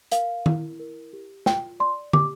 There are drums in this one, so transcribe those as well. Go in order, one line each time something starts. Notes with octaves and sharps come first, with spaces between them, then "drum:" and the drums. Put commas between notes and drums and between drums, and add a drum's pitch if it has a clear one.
A#4 F5, drum: hi-hat
E4, drum: tom D#3
A#4
G4
F4 G5, drum: snare
D5 C6
G4 D6, drum: tom